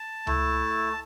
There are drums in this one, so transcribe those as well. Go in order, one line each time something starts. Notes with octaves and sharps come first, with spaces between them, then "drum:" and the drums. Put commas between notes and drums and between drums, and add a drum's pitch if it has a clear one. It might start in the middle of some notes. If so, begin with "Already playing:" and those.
Already playing: A5
A3 E4, drum: tom C#2